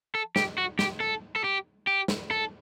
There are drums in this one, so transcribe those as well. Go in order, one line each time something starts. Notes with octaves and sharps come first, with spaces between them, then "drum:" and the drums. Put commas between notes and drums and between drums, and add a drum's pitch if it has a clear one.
A4
G4, drum: snare
F#4
G4, drum: snare
A4
A4
G4
G4
drum: snare
A4